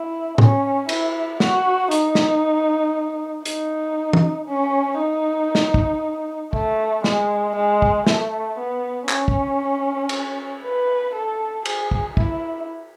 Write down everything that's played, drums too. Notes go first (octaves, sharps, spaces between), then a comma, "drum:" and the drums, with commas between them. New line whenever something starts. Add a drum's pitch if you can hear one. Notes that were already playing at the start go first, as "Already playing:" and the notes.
Already playing: E4
C#4, drum: tom A2
E4, drum: cymbal
F#4, drum: snare
D#4, drum: hi-hat
drum: snare
D#4, drum: hi-hat
drum: tom
C#4
D#4
drum: snare
drum: kick
A3, drum: kick
G#3, drum: snare
G#3
drum: kick
A3, drum: snare
B3
C#4, drum: clap
drum: kick
drum: cymbal
B4
A4
G#4, drum: cymbal
drum: kick
E4, drum: kick